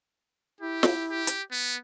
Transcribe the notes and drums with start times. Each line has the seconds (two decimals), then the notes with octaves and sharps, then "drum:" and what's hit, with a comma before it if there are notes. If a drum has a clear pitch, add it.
0.61 E4 G4
0.83 drum: snare
1.10 G4
1.27 drum: hi-hat
1.52 B3